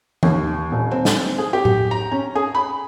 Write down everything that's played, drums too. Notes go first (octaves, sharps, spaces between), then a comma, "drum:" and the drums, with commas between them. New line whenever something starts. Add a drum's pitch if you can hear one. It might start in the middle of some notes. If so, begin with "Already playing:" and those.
D#2, drum: tom E3
D#1
C4
drum: snare
G#4
G4
drum: tom A2
A#5
C#4
G#4
B5